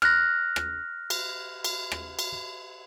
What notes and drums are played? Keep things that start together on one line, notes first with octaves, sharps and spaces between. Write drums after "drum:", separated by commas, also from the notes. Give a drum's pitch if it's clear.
F6 F#6 A#6, drum: rim click
drum: rim click
drum: cymbal
drum: cymbal
drum: rim click
drum: cymbal